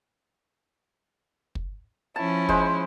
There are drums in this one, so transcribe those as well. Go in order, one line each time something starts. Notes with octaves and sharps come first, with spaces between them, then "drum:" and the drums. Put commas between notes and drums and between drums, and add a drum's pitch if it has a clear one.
drum: kick
F3 C#4 E4 A5
G#3 C5, drum: kick